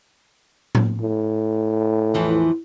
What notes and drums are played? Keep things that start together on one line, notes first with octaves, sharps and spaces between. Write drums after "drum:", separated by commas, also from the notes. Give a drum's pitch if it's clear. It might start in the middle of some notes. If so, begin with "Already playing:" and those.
drum: tom A2
A2
E2 E3 F3